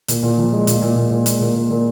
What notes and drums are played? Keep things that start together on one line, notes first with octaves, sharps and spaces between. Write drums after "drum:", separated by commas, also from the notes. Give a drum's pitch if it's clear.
A#2, drum: hi-hat
A#2
F3
G#3
A#2, drum: hi-hat
A#2
A#2
A#2
G#3, drum: hi-hat
A#2
A#2
A#2